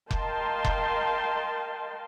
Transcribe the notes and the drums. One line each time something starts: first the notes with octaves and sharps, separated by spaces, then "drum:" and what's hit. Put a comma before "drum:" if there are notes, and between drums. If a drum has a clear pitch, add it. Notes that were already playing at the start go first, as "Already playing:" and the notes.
A#4 D#5 F5 G5 A5 C6, drum: kick F1
drum: kick F1